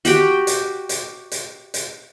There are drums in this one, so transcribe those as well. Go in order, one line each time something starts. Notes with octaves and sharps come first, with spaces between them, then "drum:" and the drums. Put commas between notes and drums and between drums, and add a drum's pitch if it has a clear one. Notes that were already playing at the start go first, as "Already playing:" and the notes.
F#4 G4 G5, drum: hi-hat
drum: hi-hat
drum: hi-hat
drum: hi-hat
drum: hi-hat